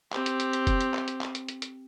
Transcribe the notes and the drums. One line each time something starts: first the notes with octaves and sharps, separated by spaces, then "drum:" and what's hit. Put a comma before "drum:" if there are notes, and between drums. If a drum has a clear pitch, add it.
C4 G4, drum: clap
drum: hi-hat
drum: hi-hat
drum: hi-hat
drum: kick, hi-hat
drum: hi-hat
drum: clap
drum: hi-hat
drum: clap
drum: hi-hat
drum: hi-hat
drum: hi-hat